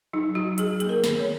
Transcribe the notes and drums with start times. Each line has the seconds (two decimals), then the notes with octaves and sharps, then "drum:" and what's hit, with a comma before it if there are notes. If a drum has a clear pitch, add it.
0.13 F#3 D#4
0.35 F#3 F#4
0.58 F#3 G#4, drum: hi-hat
0.80 A#3 G#4, drum: hi-hat
0.89 A#4
1.04 D#3, drum: snare
1.20 C#5